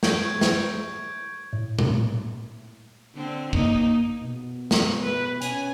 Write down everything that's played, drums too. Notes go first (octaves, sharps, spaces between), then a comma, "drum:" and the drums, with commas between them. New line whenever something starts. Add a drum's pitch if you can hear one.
C#6 G6 G#6 D7, drum: snare
drum: snare
A2
drum: tom A#2
D3 C4
A#3 D#4, drum: kick
B2
drum: snare
B4
C#4 G#5, drum: hi-hat